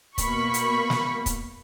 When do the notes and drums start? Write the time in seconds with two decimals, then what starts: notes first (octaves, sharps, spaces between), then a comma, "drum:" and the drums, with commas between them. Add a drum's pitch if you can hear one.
0.18 B2 A#3 B5 C#6, drum: kick, hi-hat
0.54 drum: hi-hat
0.90 drum: snare
1.26 drum: kick, hi-hat